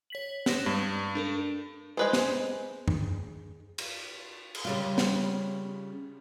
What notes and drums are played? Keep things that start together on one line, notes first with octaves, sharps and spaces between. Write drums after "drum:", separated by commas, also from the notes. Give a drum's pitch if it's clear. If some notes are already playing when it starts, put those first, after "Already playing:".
C#5 B6 F#7
F#6 A#6 E7, drum: snare
G2 G#3
D4 A4 A#4
G#3 B4 C5
drum: snare
drum: tom
drum: cymbal
drum: cymbal
C#3 G3 F4
drum: snare